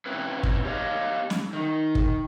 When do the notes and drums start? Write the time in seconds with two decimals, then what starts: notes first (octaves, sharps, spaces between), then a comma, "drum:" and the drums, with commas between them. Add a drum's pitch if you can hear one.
0.06 C4 C#4 E4 B4
0.43 drum: kick
0.65 G4 C#5 D#5 F5
1.30 drum: snare
1.53 D#3
1.95 drum: kick